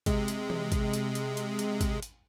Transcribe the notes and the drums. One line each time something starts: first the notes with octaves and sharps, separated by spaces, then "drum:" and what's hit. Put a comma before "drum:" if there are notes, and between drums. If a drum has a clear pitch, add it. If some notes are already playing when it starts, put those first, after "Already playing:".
C3 G#3, drum: kick, hi-hat
drum: hi-hat
drum: tom E3
drum: kick, hi-hat
drum: hi-hat
drum: hi-hat
drum: hi-hat
drum: hi-hat
drum: kick, hi-hat
drum: hi-hat